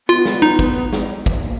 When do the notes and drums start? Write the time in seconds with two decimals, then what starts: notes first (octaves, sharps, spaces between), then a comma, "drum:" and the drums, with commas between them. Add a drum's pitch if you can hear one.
0.08 B3 F4
0.25 drum: snare
0.42 D#4
0.59 drum: kick
0.93 drum: snare
1.26 drum: kick
1.43 A#3